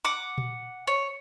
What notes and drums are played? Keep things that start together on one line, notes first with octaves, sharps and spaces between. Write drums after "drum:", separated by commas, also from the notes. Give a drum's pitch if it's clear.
F#5 D6
drum: tom A#2
C#5